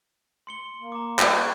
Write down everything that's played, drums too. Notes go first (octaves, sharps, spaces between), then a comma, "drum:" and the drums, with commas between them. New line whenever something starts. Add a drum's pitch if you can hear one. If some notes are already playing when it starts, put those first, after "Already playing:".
C6 C#7 G7
A#3
A#5 D6
drum: clap
C#6 F#6 G#6